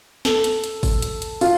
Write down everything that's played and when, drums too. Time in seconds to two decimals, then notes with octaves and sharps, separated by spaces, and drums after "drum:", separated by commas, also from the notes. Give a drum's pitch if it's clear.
0.25 A4, drum: snare
0.44 drum: hi-hat
0.64 drum: hi-hat
0.83 drum: kick, open hi-hat
1.02 drum: hi-hat
1.22 drum: hi-hat
1.41 F4, drum: open hi-hat